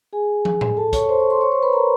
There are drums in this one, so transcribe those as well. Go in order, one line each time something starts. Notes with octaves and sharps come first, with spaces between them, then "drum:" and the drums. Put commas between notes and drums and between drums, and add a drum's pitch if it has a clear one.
G#4 G#5
drum: tom
drum: tom A2
A4 A5
C#5 C#6, drum: kick, hi-hat
C5 C6
C#5 C#6
C5 C6
C#5 C#6
C5 C6
B4 B5
A#4 A#5